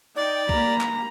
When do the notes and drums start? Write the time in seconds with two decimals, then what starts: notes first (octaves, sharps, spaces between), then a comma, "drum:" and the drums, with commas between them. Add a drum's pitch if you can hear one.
0.16 D#4 D5 G5
0.49 A#3 G4 A#5 B5, drum: kick
0.81 drum: clap